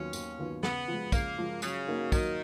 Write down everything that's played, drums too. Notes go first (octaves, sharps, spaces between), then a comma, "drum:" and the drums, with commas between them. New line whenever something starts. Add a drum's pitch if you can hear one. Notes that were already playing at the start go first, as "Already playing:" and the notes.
Already playing: D#2 D#3 F#3 B3 C#4 F4
D#2, drum: tambourine
D#3 F#3 B3 F4
C#3 B3, drum: snare
F3 G#3
C#3 A#3, drum: kick, tambourine
F3 G#3
C#3 F#3, drum: tambourine
A#3 D#4 F#4
D#3 F#3, drum: kick, tambourine